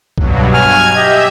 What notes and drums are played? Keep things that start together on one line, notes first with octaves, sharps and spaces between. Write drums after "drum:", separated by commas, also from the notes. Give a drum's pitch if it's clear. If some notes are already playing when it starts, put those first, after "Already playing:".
G2 B2 F#3, drum: kick B1
G#5 F6 G#6
G4 D#5 E5